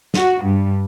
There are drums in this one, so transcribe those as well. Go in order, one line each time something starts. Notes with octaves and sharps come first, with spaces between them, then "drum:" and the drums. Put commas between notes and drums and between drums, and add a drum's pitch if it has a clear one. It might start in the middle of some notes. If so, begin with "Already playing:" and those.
F#4, drum: snare
G2